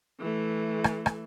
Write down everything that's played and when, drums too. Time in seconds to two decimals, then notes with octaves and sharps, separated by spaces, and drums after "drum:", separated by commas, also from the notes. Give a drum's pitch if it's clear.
0.20 E3 A3
0.84 drum: rim click
1.06 drum: rim click